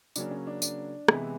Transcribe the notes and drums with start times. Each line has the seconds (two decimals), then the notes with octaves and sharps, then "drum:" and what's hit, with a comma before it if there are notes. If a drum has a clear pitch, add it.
0.16 C#3 F#3 A#3 C#4 D4, drum: tambourine
0.31 C#4
0.47 D4
0.62 D4, drum: tambourine
1.08 C3 E3 G#3 B3 E4, drum: rim click